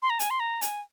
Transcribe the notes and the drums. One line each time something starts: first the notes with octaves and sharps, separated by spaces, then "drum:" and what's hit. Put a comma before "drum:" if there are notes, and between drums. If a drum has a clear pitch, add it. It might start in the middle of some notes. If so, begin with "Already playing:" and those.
C6
A#5
G#5, drum: hi-hat
C6
A#5
G#5, drum: hi-hat